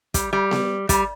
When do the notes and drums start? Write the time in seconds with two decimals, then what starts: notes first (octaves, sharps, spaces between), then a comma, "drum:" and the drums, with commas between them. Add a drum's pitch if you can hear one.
0.14 G3, drum: kick, hi-hat
0.33 G3
0.51 drum: snare B3
0.89 G3, drum: kick, hi-hat